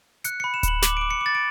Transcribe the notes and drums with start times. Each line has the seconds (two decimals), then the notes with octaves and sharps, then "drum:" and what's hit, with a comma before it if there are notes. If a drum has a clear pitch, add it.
0.24 F#6 C#7, drum: hi-hat
0.40 B5 C#7
0.54 E7
0.63 B5 F#7, drum: kick D1, hi-hat
0.82 D6 F#7, drum: snare
0.97 D6 D7
1.11 C#7
1.21 D6 A6
1.35 D7